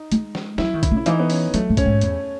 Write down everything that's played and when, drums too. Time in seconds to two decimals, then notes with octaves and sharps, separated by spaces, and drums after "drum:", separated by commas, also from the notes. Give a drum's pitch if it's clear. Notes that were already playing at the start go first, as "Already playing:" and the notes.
Already playing: D#4
0.12 G#3, drum: hi-hat
0.35 drum: snare
0.58 F#3 E4, drum: snare
0.74 D#3
0.83 E4, drum: kick B1, hi-hat
0.91 C#3
0.97 E4
1.06 E3 D#4, drum: hi-hat
1.19 B3
1.30 C#4, drum: open hi-hat
1.54 F#3 A3, drum: hi-hat
1.70 G#2
1.77 C#4, drum: kick B1, hi-hat
1.86 G#2
2.01 E2, drum: hi-hat